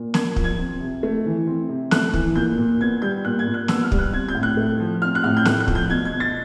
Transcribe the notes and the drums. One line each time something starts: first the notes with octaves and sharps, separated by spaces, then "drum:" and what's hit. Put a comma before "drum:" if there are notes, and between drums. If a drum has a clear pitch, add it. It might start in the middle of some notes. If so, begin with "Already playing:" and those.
Already playing: A#2
A#3 G#6, drum: snare
F3, drum: kick
G#6
C4
C3
A3
E3
C4
C3
A3 F#6, drum: snare
E3, drum: kick
A#2 G6
A#2
B3 G#6
G3 G6
A#2 F#6
G#6
A#2
F#6
B3 E6, drum: snare
F6
G3, drum: kick
F#6
C4 G#6
G6
A2
F#6
A3
F3
C4 F6
F#6
A2 F6
G6
A3 F#6, drum: snare
F#6
F3, drum: kick
G6
B2 G#6
G#6
B2
A6